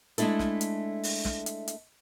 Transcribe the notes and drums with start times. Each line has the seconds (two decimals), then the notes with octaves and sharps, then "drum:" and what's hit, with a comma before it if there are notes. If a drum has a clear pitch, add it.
0.18 G#3 A3 D4 E4 A4, drum: hi-hat
0.39 drum: snare
0.61 drum: hi-hat
1.03 drum: open hi-hat
1.25 drum: snare
1.46 drum: hi-hat
1.68 drum: hi-hat